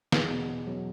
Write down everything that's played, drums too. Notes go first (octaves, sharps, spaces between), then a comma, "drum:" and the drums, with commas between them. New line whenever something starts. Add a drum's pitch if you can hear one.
E2, drum: snare
B2
E2
F#3